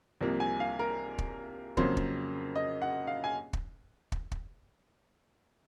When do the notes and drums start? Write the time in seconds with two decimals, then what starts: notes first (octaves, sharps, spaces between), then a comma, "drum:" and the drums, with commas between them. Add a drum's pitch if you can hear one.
0.21 C2 C3 F3 A#3
0.40 G#5
0.60 F5
0.79 A#4
1.18 drum: kick
1.77 F2 C#3 F#3 A#3 C5, drum: kick
1.97 drum: kick
2.56 D#5
2.82 F#5
3.07 F5
3.24 G#5
3.53 drum: kick
4.12 drum: kick
4.32 drum: kick